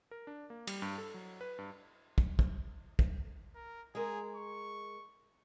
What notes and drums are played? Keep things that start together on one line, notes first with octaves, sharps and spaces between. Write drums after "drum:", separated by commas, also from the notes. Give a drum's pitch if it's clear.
A#4
D4
A#3
G3, drum: cymbal
G2
A4
F#3
B4
G2
drum: kick
drum: kick
drum: kick
A#4
G#3 G#4 A#4
C#6